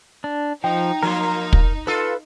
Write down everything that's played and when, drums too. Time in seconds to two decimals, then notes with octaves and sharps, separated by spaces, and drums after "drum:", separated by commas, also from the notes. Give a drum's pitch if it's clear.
0.24 D4
0.64 F3 D#4 G5
1.03 F3 A#3 A#4 A#5 C6
1.53 drum: kick
1.87 F4 A4 B4 E6